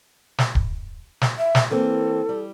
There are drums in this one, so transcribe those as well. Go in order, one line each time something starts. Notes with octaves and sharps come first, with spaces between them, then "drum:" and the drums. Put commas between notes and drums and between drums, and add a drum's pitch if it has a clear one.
drum: snare
drum: kick
drum: snare
E5
drum: snare
E3 A#3 C4 A4
G3